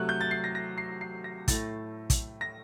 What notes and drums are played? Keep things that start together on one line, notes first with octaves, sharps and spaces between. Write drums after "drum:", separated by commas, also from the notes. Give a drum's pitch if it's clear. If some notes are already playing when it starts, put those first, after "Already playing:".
Already playing: C3 F#3 A3 F#6
G6
A6
C7
A#6
A#6
C7
C7
A#6
A2 A3 A6, drum: kick, hi-hat
drum: kick, hi-hat
A#6